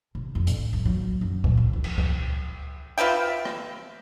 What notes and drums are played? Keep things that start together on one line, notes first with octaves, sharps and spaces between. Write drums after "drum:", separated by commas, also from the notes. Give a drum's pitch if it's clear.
C3
F2
A2, drum: hi-hat
G2
F#3
F#2
A#2, drum: kick C#2
D3
F2
drum: cymbal
drum: kick C#2
F4 B4 E5 G5
drum: rim click